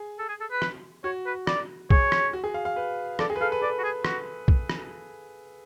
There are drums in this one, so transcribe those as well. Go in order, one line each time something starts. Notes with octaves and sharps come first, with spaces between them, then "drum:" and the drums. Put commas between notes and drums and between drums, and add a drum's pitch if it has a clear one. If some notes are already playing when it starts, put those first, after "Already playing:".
Already playing: G#4
A4
G#4
A4
B4
drum: rim click
F#4 C#5
B4
D5, drum: rim click
G#4 C#5, drum: kick
drum: rim click
F#4
G#4
F5
F5
B4
A4 D5, drum: rim click
G#4
B4
A4 F5
B4
A4 D5
F#4
G#4
F#4, drum: rim click
drum: kick
drum: rim click